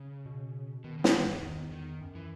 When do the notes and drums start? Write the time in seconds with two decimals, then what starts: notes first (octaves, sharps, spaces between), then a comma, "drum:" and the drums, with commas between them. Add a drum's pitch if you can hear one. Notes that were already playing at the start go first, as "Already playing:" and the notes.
Already playing: C#3
0.26 B2
0.84 B2 D#3
0.99 C#3
1.04 E3, drum: snare
1.14 D#3
1.23 G#2 E3
1.42 E2 D#3
1.71 D#3
2.01 F#2
2.15 E3